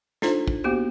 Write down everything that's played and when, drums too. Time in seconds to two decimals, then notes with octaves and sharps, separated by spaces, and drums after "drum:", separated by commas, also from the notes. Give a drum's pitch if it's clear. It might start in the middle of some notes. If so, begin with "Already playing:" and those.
0.22 D4 D#4 F4 A4 C5, drum: snare
0.48 drum: kick
0.64 A#3 B3 F#4 G4 C5